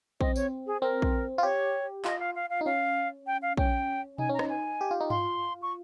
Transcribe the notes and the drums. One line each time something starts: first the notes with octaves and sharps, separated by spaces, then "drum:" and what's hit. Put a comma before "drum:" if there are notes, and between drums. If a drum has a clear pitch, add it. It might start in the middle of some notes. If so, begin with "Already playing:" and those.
C4 D#5, drum: kick
C#5, drum: tambourine
G#4
C4 A#4
drum: kick
F4
G4 C#5
F4 D#5, drum: clap
F5
F5
F5
D#4
C#4 F5
G5
F5
C#4 G5, drum: kick
D#4 G#5, drum: tom B2
C#4 A#5
D#4, drum: rim click
G#5
G4
F4
D#4
F4 C6, drum: tom G2
C#6